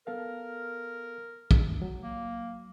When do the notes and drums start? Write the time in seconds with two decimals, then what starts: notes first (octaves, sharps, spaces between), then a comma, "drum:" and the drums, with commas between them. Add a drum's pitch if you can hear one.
0.07 B3 A4 A#4 F5
1.51 drum: kick
1.82 F#3
2.03 A#3